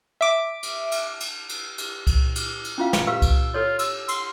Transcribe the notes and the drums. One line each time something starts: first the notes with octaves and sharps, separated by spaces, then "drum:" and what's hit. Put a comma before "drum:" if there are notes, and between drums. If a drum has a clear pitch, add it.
E5 D6
drum: cymbal
drum: cymbal
drum: cymbal
drum: cymbal
drum: cymbal
drum: kick C2, cymbal
drum: cymbal
drum: cymbal
C#4 F4 F5
drum: snare
G4 B4 F5 E6
drum: kick C2, cymbal
F4 A4 C#5
E6, drum: cymbal
C6, drum: cymbal